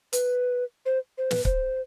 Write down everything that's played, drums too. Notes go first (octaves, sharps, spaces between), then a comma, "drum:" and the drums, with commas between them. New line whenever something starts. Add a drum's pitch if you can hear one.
B4, drum: hi-hat
C5
C5
B4, drum: snare
C5, drum: kick C#1